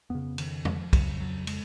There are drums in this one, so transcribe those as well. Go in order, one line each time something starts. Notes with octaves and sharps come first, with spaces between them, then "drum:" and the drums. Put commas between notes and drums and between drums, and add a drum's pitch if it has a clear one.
F2 C#3 B3
D#3, drum: cymbal
F3, drum: tom F2
F2 C#3 F#3, drum: kick, cymbal
F#3
G#3, drum: cymbal